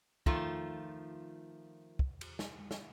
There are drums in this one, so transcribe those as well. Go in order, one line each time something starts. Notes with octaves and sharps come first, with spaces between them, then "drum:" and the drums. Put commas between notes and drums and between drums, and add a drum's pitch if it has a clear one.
D#3 F3 A3 F4, drum: kick
drum: kick
drum: cymbal
drum: snare
drum: snare